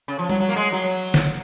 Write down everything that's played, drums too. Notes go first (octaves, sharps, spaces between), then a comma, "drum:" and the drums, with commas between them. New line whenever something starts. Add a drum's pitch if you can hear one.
C#3
F3
F#3, drum: tom G3
F#3
A#3
G#3
F#3
drum: snare